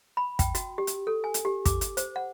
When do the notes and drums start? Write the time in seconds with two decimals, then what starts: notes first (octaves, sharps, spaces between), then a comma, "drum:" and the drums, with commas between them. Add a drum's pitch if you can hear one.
0.17 B5
0.39 G5, drum: kick, hi-hat
0.55 F#4, drum: hi-hat
0.78 G4
0.87 drum: hi-hat
1.07 A4
1.24 G#5
1.34 drum: hi-hat
1.45 G4
1.65 D6, drum: kick, hi-hat
1.81 drum: hi-hat
1.97 C5, drum: hi-hat
2.16 F#5